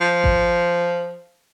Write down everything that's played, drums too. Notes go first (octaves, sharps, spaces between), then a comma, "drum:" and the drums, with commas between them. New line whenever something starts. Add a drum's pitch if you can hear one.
F3
drum: kick G#1